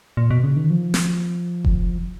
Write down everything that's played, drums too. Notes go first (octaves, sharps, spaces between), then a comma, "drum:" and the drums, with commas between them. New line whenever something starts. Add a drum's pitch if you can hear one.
A#2
B2
C#3
D#3
F3
drum: snare
drum: kick F1